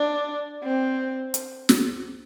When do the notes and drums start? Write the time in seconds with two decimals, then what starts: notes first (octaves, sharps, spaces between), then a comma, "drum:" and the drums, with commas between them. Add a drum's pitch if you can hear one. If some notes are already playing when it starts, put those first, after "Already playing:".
Already playing: D4
0.64 C4
1.34 drum: hi-hat
1.69 drum: snare